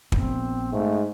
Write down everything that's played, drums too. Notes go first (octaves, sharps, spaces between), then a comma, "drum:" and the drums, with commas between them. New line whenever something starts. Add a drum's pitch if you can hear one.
A#1 B3 C4, drum: kick
G#2 A3